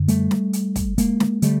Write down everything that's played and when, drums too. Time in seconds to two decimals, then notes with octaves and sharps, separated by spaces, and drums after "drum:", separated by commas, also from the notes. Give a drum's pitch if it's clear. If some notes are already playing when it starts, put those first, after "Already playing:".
Already playing: F#2 D3
0.08 G3 A3, drum: hi-hat
0.31 drum: snare
0.53 drum: hi-hat
0.76 drum: kick, hi-hat
0.98 G#3 A#3, drum: hi-hat
1.20 drum: snare
1.42 D3 G3 A3, drum: hi-hat